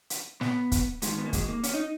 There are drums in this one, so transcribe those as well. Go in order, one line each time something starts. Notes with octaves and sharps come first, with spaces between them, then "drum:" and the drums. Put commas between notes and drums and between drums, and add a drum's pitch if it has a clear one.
drum: hi-hat
B3, drum: snare
drum: kick, hi-hat
G#2 D#3 G#3, drum: hi-hat
B3
A#3
G#3, drum: kick, hi-hat
A#3
C#4, drum: hi-hat
D#4